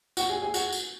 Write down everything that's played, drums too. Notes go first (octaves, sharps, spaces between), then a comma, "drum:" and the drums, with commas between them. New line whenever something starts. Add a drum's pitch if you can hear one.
F#4, drum: tambourine
G#4
G#4
F#4, drum: tambourine
drum: tambourine